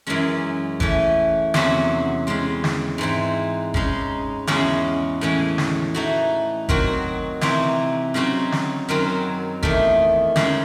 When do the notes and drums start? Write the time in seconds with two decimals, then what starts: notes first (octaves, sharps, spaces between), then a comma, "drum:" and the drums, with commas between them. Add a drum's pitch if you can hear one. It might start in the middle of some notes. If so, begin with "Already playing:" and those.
0.07 F#2 E3 G#3 C#4
0.80 E3 A3 C#4, drum: kick G1
1.54 E2 C3 F#3 C#4 F#4, drum: snare
2.27 C#3 G#3 C4
2.64 drum: snare
2.98 G#2 E3 C4 D#4
3.74 C#3 G#3 D#4, drum: kick G1
4.47 E2 C#3 G#3 C#4 F#4, drum: snare
5.21 A2 E3 G#3 C#4
5.58 drum: snare
5.94 E3 A3 D#4 F#4
6.69 D#3 F#3 C4 F#4, drum: kick G1
7.41 C3 E3 C4 D#4 F#4, drum: snare
8.14 C#3 F#3 C4 D#4 F#4
8.52 drum: snare
8.89 F#2 D#3 F#3 C4 D#4
9.63 E2 D#3 A3, drum: kick G1
10.36 C#3 G#3 D#4 F#4, drum: snare